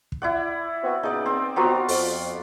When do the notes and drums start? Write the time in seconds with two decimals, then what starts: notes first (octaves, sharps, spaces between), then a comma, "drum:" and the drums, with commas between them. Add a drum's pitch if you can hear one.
0.12 drum: kick
0.22 E4 D5 F#5
0.83 B3 C4 F#4
1.03 A#2 C#3 B3 D#4 D5
1.26 C4
1.56 D#2 B3 C4 F4 F#4 A#5
1.88 F2, drum: open hi-hat